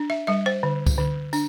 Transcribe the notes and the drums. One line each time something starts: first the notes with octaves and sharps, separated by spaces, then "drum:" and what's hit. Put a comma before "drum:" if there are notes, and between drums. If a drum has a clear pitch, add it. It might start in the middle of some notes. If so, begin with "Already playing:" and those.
Already playing: D4
E5
G3 E5
C5
D3
drum: kick C#2, tambourine
D3
D4, drum: tambourine